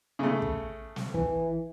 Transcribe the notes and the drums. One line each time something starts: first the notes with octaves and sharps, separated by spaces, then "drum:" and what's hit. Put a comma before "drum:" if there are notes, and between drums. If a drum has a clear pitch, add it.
C#3 A3
drum: kick
drum: snare
E3, drum: kick